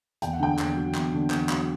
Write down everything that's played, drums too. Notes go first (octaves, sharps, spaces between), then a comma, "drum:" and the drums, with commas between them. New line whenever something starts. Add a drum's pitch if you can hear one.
E2 G5, drum: hi-hat
F#5
D3 G5
E2, drum: clap
F#3
E2, drum: clap
D3
E2, drum: clap
F#3, drum: clap